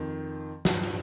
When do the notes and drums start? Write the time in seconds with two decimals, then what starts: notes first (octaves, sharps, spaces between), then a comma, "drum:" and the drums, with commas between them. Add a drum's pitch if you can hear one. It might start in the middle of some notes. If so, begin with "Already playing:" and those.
Already playing: F2 D#3
0.65 G2 F3, drum: snare
0.83 drum: hi-hat